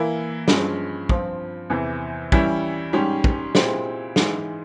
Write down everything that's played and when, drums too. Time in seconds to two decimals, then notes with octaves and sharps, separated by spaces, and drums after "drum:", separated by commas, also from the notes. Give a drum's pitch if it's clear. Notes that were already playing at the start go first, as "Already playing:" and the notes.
Already playing: E3 A#3 E4
0.48 G2 F3 G#3 C#4, drum: snare
1.09 G2 F3 C4 F4, drum: kick
1.70 E2 C3 E3
2.32 E3 G3 C#4 E4, drum: kick
2.93 G#2 G3 C#4 G4
3.24 drum: kick
3.55 A#2 G#3 C4 E4 G4, drum: snare
4.16 G#2 E3 G#3, drum: snare